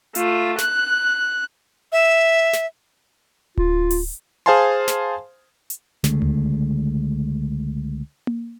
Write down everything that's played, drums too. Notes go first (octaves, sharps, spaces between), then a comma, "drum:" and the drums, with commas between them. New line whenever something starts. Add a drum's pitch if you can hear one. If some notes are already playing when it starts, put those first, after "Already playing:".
A3 F4, drum: hi-hat
F#6, drum: snare
E5
drum: snare
F4, drum: kick D1
drum: open hi-hat
G#4 C5 F5 G#5 A5 C6
drum: snare
drum: hi-hat
C#2 D3 G#3 A3, drum: snare
drum: tom D2
drum: tom A#3